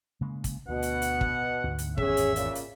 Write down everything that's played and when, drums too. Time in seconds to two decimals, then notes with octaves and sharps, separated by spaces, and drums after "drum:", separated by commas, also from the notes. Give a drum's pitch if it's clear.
0.21 C#3 G#3 A#3
0.44 drum: kick, hi-hat
0.69 D2 B2 F#5
0.82 drum: hi-hat
1.02 drum: hi-hat
1.21 drum: kick
1.64 D2 G#2
1.78 drum: hi-hat
1.98 G#1 E2 C#4 G#4 E5, drum: kick
2.17 drum: hi-hat
2.36 A#2 C#3, drum: hi-hat
2.55 drum: hi-hat